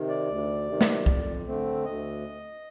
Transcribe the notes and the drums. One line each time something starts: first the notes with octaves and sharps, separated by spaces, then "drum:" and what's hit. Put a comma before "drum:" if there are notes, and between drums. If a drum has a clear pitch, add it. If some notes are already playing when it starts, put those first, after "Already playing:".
Already playing: C3 D#3
D5
D2
C3 D#3
drum: snare
F2, drum: kick C2
D3 A3 C4
D2 D#5